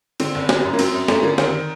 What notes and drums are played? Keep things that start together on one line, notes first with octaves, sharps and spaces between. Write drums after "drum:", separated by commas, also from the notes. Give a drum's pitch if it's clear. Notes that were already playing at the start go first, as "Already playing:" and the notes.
D3 C4, drum: cymbal
F#1
F#3, drum: snare
F#2
A#3
F#3 C4, drum: cymbal
F#2
F#2 A3, drum: snare
D3 A#3
D#3 C4, drum: snare